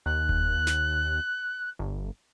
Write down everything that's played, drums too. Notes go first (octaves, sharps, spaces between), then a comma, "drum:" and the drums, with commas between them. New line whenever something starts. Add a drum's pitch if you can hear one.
D#2 F#6
drum: kick E1
drum: snare
G1